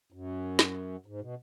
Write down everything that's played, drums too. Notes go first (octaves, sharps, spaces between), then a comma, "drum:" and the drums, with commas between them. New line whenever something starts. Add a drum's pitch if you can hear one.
F#2
drum: snare
G#2
B2